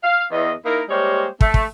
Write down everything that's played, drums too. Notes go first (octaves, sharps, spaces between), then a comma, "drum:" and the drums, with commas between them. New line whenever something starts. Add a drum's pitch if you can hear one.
F5
E2 D#5
A#3 D#4 E4 A#4
G3 G#3 A#3 G4 C5 C#5
A3, drum: kick
drum: kick